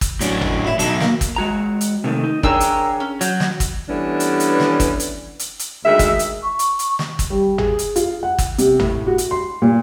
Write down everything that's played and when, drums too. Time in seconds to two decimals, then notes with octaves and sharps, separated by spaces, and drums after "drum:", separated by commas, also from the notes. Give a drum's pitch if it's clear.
0.01 drum: kick, hi-hat
0.21 A2 F#3 C#4 D4, drum: hi-hat
0.41 drum: tom
0.65 F#2 E4
0.79 B2 F#3 D#4 A4, drum: hi-hat
1.01 A#3, drum: snare
1.21 drum: kick, hi-hat
1.36 G#3 F#4 A#5
1.81 drum: hi-hat
2.04 C3 D#3 A3
2.24 D#4
2.43 D4 G#4 A#4 C#5 G5 E6, drum: kick
2.60 drum: hi-hat
3.00 C#4
3.21 F#3 G6, drum: hi-hat
3.40 drum: snare
3.60 drum: kick, hi-hat
3.89 E3 G3 A3 B3 C#4 D4
4.20 drum: hi-hat
4.40 drum: hi-hat
4.60 drum: snare
4.80 drum: kick, hi-hat
5.00 drum: hi-hat
5.39 drum: hi-hat
5.59 drum: hi-hat
5.85 D2 D#3 G#3 E5
5.99 drum: kick, hi-hat
6.19 drum: hi-hat
6.43 C#6
6.59 drum: hi-hat
6.79 drum: hi-hat
6.99 drum: snare
7.19 drum: kick, hi-hat
7.30 G3
7.58 G#4, drum: tom
7.79 drum: hi-hat
7.96 F4, drum: hi-hat
8.23 F#5
8.38 drum: kick, hi-hat
8.58 C3, drum: hi-hat
8.79 A2, drum: tom
9.07 F#4
9.18 drum: hi-hat
9.31 C6
9.62 A#2